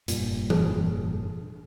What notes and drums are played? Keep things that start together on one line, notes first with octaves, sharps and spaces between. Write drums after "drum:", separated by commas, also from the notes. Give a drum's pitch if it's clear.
F1 G2 A#2, drum: hi-hat
drum: tom E3